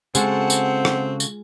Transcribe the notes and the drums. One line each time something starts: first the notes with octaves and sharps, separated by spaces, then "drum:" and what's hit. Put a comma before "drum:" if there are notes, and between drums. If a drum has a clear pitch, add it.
C#3 G#3 C4 F4 F#4 G#4 A4 F#5, drum: tambourine
drum: tambourine
drum: rim click
drum: tambourine